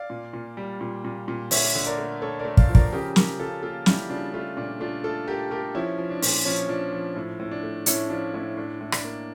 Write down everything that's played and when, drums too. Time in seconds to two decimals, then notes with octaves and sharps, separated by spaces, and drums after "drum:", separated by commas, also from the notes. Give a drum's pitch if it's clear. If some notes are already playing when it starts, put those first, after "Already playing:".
Already playing: D5 F5
0.10 A#2
0.34 A#2
0.57 G3
0.81 A#2
1.05 A#2
1.28 A#2
1.51 D3 C#5 E5, drum: open hi-hat
1.75 D3
1.87 A#4 D5
1.98 A3
2.22 A3 A4 C#5
2.39 A#4 D5
2.45 A3
2.57 D5 F5, drum: kick
2.69 F3
2.75 A#4 D5, drum: kick
2.92 C#3 G4 A#4
3.16 C#3 G4 A#4, drum: snare
3.39 C#3 F4 A4
3.63 A#3 F4 A4
3.86 G3 E4 G4, drum: snare
4.10 C#3 D4 F4
4.33 A3 D4 F4
4.57 A#2 D4
4.80 A3 D4 F4
5.04 A3 F4 A4
5.27 A3 G4 A#4
5.51 A3 G4 A#4
5.75 F3 C#4 E4
5.98 F3
6.10 D4
6.22 A#2, drum: open hi-hat
6.45 F3 C#4
6.69 F3 D4
6.93 F3
7.16 A2
7.40 A2
7.51 D4
7.63 A3
7.86 A2 C#4 E4, drum: hi-hat
8.10 F3 D4 F4
8.34 A2 C#4 E4
8.57 A2 D4
8.81 A2
8.92 D4, drum: rim click
9.04 A#3